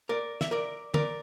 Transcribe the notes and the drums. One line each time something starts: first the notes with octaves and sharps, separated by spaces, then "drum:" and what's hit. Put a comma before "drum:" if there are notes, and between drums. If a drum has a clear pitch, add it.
A#4 D5
E5, drum: snare
A#4 D5
A#4 D5, drum: tom